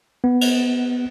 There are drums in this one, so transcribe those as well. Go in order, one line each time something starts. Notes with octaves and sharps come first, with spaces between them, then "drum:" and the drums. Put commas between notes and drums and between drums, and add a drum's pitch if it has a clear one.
B3
drum: cymbal